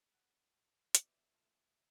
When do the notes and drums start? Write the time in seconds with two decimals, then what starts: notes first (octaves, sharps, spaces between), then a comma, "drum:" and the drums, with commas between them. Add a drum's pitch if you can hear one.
0.14 F#5
0.95 B2 D5 E5, drum: hi-hat
1.34 A#1 A3 F4